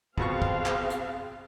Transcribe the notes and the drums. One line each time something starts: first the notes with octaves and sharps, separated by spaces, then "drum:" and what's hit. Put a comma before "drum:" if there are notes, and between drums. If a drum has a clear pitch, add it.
F2 B2 C4 G#4 F5 C#6, drum: kick
drum: kick
drum: clap
drum: hi-hat